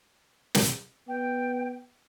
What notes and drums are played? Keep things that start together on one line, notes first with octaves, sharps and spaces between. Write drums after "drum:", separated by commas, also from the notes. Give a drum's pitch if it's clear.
drum: snare
B3 G5